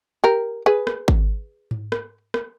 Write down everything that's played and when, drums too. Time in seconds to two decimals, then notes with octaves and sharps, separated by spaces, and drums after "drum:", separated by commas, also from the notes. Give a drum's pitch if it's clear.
0.24 G4 A#4
0.66 G#4 B4
0.87 drum: rim click
1.08 drum: kick G#1
1.71 drum: tom G#2
1.92 drum: rim click
2.34 drum: rim click